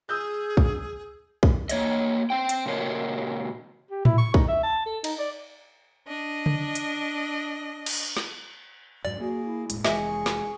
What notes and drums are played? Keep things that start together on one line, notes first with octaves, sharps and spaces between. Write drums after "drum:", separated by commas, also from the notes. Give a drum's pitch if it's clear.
G#4 D#6 E6 G6
drum: kick
drum: kick
A#3 C#5 D#5, drum: hi-hat
C4 C5 G5
drum: hi-hat
A#2 C#3 A#4 C5 C#5 D#5
G4
E4, drum: tom A2
C#6
D#4, drum: kick
E5
A5
A4
D#4, drum: cymbal
D5
D4 D#5
drum: tom C#3
drum: hi-hat
drum: cymbal
drum: snare
F2 G#2 F#3 D5
A#3 F#4 G#4
E4
E1 A2 G#3, drum: hi-hat
F1 E3 G#3 G#4 D#5 E5 C#6, drum: snare
drum: snare